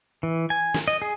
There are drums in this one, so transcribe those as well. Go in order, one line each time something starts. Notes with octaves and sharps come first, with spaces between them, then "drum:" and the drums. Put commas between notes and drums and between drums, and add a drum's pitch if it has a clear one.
E3
G#5
drum: snare
D#5
G#4